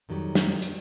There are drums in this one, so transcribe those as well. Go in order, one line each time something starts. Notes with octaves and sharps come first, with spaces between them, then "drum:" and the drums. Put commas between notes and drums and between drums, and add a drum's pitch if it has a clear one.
F2 D#3 F#3 G3
drum: snare
drum: hi-hat